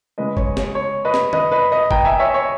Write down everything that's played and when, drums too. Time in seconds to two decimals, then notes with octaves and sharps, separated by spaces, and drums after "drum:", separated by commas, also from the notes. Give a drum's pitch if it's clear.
0.18 C#3 G#3 B4 D#5
0.37 C#5, drum: kick
0.57 C#5, drum: snare
0.75 C#5
1.05 B4 D#5
1.14 drum: snare
1.33 B4 D#5, drum: tom D#3
1.52 B4 D#5
1.71 B4 D#5
1.91 G5 A#5, drum: kick
2.05 E5 G#5
2.19 C#5 E5
2.34 C#5